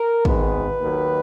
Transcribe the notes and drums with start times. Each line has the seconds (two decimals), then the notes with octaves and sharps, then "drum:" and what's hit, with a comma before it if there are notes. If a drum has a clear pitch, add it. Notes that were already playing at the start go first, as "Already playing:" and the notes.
Already playing: A#4
0.25 G#1 G#2 D#3 G#3 B3 B4, drum: kick
0.78 D#2 D#3 F#3